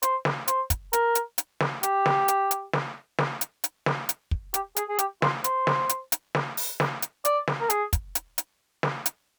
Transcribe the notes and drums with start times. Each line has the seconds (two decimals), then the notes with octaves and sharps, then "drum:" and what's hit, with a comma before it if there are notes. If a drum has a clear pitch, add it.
0.03 C5, drum: hi-hat
0.25 drum: snare
0.48 C5, drum: hi-hat
0.70 drum: kick, hi-hat
0.93 A#4, drum: hi-hat
1.15 drum: hi-hat
1.38 drum: hi-hat
1.60 drum: snare
1.83 G4, drum: hi-hat
2.06 drum: snare
2.28 drum: hi-hat
2.51 drum: hi-hat
2.73 drum: snare
3.18 drum: snare
3.41 drum: hi-hat
3.64 drum: hi-hat
3.86 drum: snare
4.09 drum: hi-hat
4.31 drum: kick
4.54 G4, drum: hi-hat
4.76 G#4, drum: hi-hat
4.89 G#4
4.99 G4, drum: hi-hat
5.22 F4, drum: snare
5.44 C5, drum: hi-hat
5.67 drum: snare
5.89 drum: hi-hat
6.12 drum: hi-hat
6.35 drum: snare
6.57 drum: open hi-hat
6.80 drum: snare
7.02 drum: hi-hat
7.25 D5, drum: hi-hat
7.47 drum: snare
7.61 A#4
7.70 G#4, drum: hi-hat
7.93 drum: kick, hi-hat
8.15 drum: hi-hat
8.38 drum: hi-hat
8.83 drum: snare
9.06 drum: hi-hat